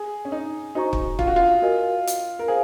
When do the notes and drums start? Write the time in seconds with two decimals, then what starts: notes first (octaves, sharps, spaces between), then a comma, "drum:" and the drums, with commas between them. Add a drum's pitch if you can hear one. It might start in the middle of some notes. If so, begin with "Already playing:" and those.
Already playing: G#4
0.25 C#4
0.32 D#4
0.75 D#4 F#4 C5 D#5 A#5 C#6
0.93 drum: kick
1.19 F4, drum: kick
1.27 F#4
1.36 F4
1.62 F#4 A#4 D#5 G#5
2.07 drum: hi-hat
2.39 A#4
2.48 G#4 C5 F5